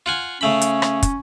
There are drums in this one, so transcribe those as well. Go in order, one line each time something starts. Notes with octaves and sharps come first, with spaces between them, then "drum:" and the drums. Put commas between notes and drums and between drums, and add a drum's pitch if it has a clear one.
F4 F#5 G#5
C#3 A3 C#4 B5
drum: hi-hat
drum: rim click
drum: kick, hi-hat